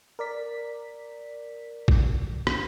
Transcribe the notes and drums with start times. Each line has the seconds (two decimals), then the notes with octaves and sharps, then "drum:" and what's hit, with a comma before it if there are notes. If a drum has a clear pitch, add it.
0.19 A#4 D5 B6
1.88 drum: kick
2.47 drum: rim click